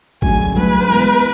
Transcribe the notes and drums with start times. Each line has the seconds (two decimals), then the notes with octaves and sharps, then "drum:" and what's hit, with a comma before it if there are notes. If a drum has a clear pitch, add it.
0.22 D3 F#3 A3 C#4 G#4 G#5, drum: kick A1
0.55 F#3 A3 D4 G#4 B4 C#5
0.89 E3 G#3 B3